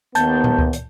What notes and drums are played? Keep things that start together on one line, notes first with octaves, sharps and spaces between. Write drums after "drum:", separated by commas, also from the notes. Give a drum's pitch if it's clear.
D#2 B3 A5 G6, drum: hi-hat
drum: tom A#2
drum: kick C#2
drum: hi-hat